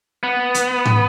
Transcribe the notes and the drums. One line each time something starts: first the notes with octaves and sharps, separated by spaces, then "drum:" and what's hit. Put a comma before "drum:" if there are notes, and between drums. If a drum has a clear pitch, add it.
B3
drum: hi-hat
drum: tom G#2